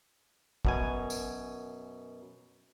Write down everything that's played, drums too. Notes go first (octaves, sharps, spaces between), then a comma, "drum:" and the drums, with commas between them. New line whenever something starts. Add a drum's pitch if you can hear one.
F#2 B2 G#5, drum: kick
drum: tambourine